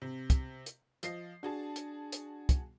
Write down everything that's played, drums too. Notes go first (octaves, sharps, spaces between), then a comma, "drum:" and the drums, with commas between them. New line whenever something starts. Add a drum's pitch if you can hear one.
C3
drum: kick, hi-hat
drum: hi-hat
F3 D#5 C7, drum: hi-hat
D4 F#4 G#4 A5
drum: hi-hat
drum: hi-hat
drum: kick, hi-hat